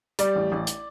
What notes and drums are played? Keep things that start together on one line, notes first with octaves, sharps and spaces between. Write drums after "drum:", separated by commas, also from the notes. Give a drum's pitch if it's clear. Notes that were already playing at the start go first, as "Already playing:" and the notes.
G3 D5, drum: hi-hat
A1
A1
drum: hi-hat